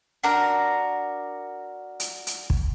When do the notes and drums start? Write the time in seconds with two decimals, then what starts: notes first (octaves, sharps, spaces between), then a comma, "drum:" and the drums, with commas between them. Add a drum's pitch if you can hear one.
0.24 D4 F#4 A#4 A#5
2.00 drum: hi-hat
2.27 drum: hi-hat
2.50 drum: kick